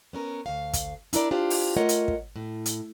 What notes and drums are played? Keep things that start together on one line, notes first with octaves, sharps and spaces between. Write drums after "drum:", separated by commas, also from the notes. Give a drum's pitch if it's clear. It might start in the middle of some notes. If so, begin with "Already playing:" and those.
B3 C#4 A#4
D2 F5
drum: kick, hi-hat
D4 E4 A#4 D5, drum: hi-hat
D4 F4 G4 C5
drum: open hi-hat
A3 F4 A#4 C#5 D#5 F#5
drum: hi-hat
drum: kick
A2
drum: hi-hat